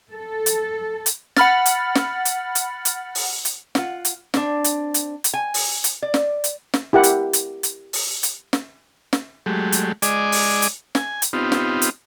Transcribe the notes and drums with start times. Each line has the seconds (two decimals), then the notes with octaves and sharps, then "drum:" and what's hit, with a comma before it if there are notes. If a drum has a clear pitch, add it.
0.12 A4
0.46 drum: hi-hat
1.06 drum: hi-hat
1.36 F#5 B5 F6 A6, drum: snare
1.66 drum: hi-hat
1.95 drum: snare
2.25 drum: hi-hat
2.55 drum: hi-hat
2.85 drum: hi-hat
3.15 drum: open hi-hat
3.45 drum: hi-hat
3.75 F4 F#5, drum: snare
4.05 drum: hi-hat
4.34 C4 D4, drum: snare
4.64 drum: hi-hat
4.94 drum: hi-hat
5.24 drum: hi-hat
5.34 G#5
5.54 drum: open hi-hat
5.84 drum: hi-hat
6.02 D5
6.14 drum: snare
6.44 drum: hi-hat
6.74 drum: snare
6.93 E4 G4 A#4 F#5
7.03 drum: hi-hat
7.33 drum: hi-hat
7.63 drum: hi-hat
7.93 drum: open hi-hat
8.23 drum: hi-hat
8.53 drum: snare
9.13 drum: snare
9.46 F#3 G#3 A3 G4
9.72 drum: hi-hat
10.02 G#3 D5 D#5 G#5 D6, drum: hi-hat
10.32 drum: open hi-hat
10.62 drum: hi-hat
10.95 G#5, drum: snare
11.22 drum: hi-hat
11.33 B3 C4 D#4 F4 G4
11.52 drum: snare
11.82 drum: hi-hat